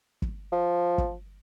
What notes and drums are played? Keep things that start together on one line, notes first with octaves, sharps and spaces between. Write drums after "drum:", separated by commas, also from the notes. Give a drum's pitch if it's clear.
drum: kick
F3
drum: kick